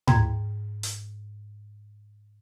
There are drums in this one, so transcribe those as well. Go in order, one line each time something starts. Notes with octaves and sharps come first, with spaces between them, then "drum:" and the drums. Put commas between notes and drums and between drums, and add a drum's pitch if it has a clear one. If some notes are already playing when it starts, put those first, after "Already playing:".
G#2 G5 A#5 C6 G#6, drum: tom A2
drum: hi-hat